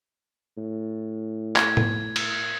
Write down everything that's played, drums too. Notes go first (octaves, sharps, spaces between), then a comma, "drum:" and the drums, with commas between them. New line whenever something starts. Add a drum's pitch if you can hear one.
A2
G#6, drum: clap
drum: tom A2
drum: cymbal